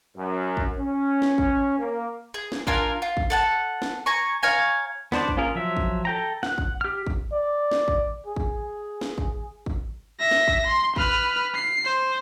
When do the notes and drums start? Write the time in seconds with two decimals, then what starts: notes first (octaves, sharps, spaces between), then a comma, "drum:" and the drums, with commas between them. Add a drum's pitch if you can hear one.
0.17 F#2
0.57 drum: kick
0.79 C#4
1.22 drum: snare
1.38 drum: kick
1.79 A#3
2.34 G#4
2.52 drum: snare
2.67 D4 F4 A#4 G#5, drum: kick
3.02 F4
3.17 drum: kick
3.30 A4 F#5 A5
3.82 drum: snare
4.06 G#5 A#5 C#6
4.43 C#5 F5 G#5 A#5
5.12 B3 D4 C5 D5, drum: snare
5.28 drum: kick
5.37 A#3 C#4 F4 G#4 A#4
5.55 F3 F#3 E5
5.77 drum: kick
6.05 A4 G5 A#5
6.43 F#5 F#6, drum: snare
6.58 drum: kick
6.81 G4 F6
7.07 drum: kick
7.32 D5
7.71 drum: snare
7.88 drum: kick
8.27 G#4
8.36 drum: kick
9.01 drum: snare
9.18 drum: kick
9.66 drum: kick
10.20 E5 A#6
10.31 drum: snare
10.48 drum: kick
10.67 C6
10.96 B4 F6, drum: kick
11.55 C7
11.85 C5